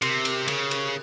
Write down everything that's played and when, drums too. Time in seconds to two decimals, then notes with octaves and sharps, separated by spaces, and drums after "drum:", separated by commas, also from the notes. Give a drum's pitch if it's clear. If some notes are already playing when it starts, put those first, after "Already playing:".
0.02 C3, drum: cymbal
0.25 drum: cymbal
0.48 C#3, drum: cymbal
0.71 drum: cymbal